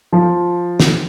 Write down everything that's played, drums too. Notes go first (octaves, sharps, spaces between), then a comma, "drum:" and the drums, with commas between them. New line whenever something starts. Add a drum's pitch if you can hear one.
F3
drum: snare